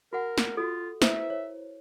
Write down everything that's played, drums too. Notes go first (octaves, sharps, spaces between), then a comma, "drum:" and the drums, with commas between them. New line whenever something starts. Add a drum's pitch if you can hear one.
F#4 A#4 F#5
drum: snare
F4 F#4 A4
E4 B4 C5 E5, drum: snare
C#5